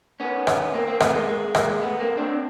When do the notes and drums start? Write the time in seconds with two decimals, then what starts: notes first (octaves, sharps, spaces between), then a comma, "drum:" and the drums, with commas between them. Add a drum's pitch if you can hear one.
0.20 B3 C#4
0.47 drum: rim click
0.74 A#3 C4
0.87 A#3 C4
1.00 A3 B3, drum: rim click
1.14 G#3 A#3
1.27 G#3 A#3
1.55 G#3 A#3, drum: rim click
1.81 A3 B3
1.99 A#3 C4
2.17 C4 D4